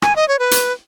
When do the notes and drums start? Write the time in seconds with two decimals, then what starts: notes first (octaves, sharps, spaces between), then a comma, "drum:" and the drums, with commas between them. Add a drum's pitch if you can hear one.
0.02 G#5, drum: rim click
0.16 D#5
0.28 C#5
0.39 B4
0.51 drum: hi-hat